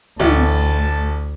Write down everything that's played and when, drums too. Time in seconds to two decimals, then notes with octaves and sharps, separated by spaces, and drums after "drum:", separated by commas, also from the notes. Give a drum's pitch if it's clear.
0.20 A1 D2 A5, drum: tom